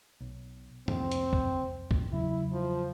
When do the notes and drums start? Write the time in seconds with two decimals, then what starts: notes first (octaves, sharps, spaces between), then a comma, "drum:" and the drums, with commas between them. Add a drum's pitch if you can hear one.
0.21 B1
0.88 C2 F2 C4, drum: tom G2
1.12 drum: hi-hat
1.33 drum: kick
1.91 drum: kick
2.13 E2 C#3 F#3 E4
2.52 F3